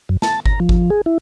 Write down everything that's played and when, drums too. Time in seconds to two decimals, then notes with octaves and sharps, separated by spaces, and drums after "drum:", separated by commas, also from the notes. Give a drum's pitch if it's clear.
0.09 F#2
0.22 A5, drum: snare
0.46 A#5, drum: kick G1
0.60 F3
0.69 drum: kick G1
0.90 G#4
1.06 E4